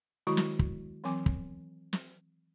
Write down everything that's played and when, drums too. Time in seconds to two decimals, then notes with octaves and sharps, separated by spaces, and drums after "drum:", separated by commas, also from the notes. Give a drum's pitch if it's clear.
0.27 D#3 F#3 G#3 E4 F#4 C#6
0.37 drum: snare
0.59 drum: kick
1.04 E3 F#3 C4 G#5 D6
1.26 drum: kick
1.93 drum: snare